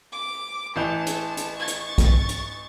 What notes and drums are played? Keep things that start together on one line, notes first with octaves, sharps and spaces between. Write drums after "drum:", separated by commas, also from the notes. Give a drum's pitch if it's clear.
D6
A1 E3 A5 G6
drum: hi-hat
drum: hi-hat
C#6 A6
drum: hi-hat
drum: kick B1, hi-hat
drum: hi-hat